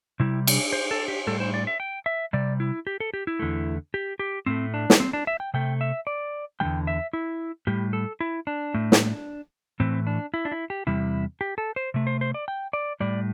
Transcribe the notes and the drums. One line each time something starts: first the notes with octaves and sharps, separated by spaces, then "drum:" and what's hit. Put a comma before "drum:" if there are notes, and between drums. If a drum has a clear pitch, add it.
C3 G3 E4
drum: cymbal
C5
A4
G4
A2 G3 A4
C5
D5
E5
G5
E5
C3 G3 D5
E4
G4
A4
G4
E4
E2 D3 A3
G4
G4
A2 A3 C4
D4
drum: snare
C4
D4
E5
G5
C3 A3 G5
E5
D5
E2 D3 G3 G5
E5
E4
A2 G3 G4
A4
E4
D4
A2 A3
drum: snare
A2 E3 A3 C4
D4
E4
D4
E4
G4
E2 C3 G3 E4
G4
A4
C5
C3 A3
C5
C5
D5
G5
D5
A2 G3 D5